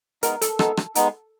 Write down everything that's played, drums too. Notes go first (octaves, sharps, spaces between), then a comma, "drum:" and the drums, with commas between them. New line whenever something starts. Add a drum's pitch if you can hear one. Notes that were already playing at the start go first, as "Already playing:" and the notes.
G#3 B3 D#4 A#4, drum: hi-hat
A4, drum: hi-hat
G#3 B3 D#4 A4, drum: rim click
drum: rim click
G#3 B3 D#4, drum: hi-hat